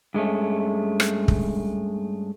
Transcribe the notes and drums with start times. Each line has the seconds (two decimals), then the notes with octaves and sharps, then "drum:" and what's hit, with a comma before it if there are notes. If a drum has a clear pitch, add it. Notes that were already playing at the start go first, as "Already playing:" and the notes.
0.14 G2 G#3 A3 C#4
1.00 drum: rim click
1.28 drum: kick